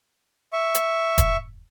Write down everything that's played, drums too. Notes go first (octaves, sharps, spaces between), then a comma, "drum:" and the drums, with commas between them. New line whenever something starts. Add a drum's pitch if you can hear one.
E5 C#6
drum: hi-hat
drum: kick E1, hi-hat